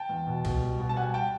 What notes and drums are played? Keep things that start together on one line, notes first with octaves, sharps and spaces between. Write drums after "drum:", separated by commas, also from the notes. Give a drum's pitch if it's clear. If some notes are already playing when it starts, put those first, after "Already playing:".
Already playing: G5 A5
E2
B2
B2, drum: kick C2, cymbal
G3
B2
A5
G3 F#5 G#5
G5 A5